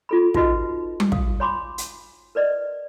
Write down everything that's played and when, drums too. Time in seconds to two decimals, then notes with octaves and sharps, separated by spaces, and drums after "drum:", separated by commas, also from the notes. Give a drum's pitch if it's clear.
0.09 F4 A4 B5
0.34 D#4 F4 F#4 B4 D#5, drum: kick
1.00 drum: tom G3
1.12 F5 D#6, drum: kick
1.40 C#5 G#5 B5 C6 D6
1.78 drum: hi-hat
2.35 A#4 B4 D5 D#5